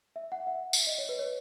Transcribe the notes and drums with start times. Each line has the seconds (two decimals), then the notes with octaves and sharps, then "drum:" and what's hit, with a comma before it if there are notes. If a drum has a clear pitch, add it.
0.16 E5
0.32 F#5
0.47 E5
0.73 drum: tambourine
0.87 D#5
0.98 C#5
1.09 B4
1.19 C#5